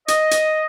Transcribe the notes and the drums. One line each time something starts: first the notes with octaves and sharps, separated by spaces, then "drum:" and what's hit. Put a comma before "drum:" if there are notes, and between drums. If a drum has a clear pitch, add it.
D#5, drum: hi-hat
drum: hi-hat